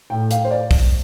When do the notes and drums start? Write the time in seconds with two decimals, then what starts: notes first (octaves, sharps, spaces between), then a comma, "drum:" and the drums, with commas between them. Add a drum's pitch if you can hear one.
0.10 A2 G5
0.31 F5, drum: hi-hat
0.45 C5
0.51 D5
0.71 drum: kick, open hi-hat